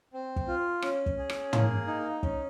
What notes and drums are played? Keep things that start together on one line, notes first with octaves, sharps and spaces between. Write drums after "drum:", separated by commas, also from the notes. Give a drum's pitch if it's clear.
C4
drum: kick
F4
C#4, drum: rim click
drum: kick
G#4
drum: rim click
A#3, drum: tom
D#4
C#4, drum: kick